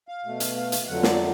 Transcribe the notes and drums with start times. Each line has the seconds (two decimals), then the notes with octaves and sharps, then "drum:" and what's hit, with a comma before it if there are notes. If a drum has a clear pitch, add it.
0.08 F5
0.25 B2 A3
0.40 drum: hi-hat
0.56 F5
0.72 F5, drum: hi-hat
0.83 F5
0.88 F2 D3 F#3 A3 F#5
1.03 D5, drum: snare